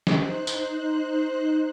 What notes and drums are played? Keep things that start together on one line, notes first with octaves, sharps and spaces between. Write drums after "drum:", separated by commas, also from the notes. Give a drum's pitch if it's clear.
drum: snare
D#4 C5 F#6
drum: tambourine